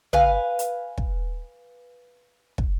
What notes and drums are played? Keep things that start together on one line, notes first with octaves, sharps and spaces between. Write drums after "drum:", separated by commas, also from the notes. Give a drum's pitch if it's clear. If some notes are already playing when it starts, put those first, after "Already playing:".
B4 F5 G#5, drum: tom
drum: hi-hat
drum: kick
drum: kick